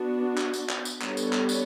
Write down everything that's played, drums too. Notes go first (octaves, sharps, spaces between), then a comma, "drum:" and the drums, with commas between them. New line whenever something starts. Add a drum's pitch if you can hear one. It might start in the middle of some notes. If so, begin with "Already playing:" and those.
Already playing: B3 D4 F#4
drum: clap
drum: tambourine
drum: clap
drum: tambourine
G3 B3 D4 A4 C#5, drum: clap
drum: tambourine
drum: clap
drum: tambourine